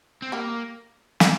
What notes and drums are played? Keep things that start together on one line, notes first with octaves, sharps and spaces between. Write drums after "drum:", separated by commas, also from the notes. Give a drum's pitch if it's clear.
C4
G3 A#3 G4
drum: snare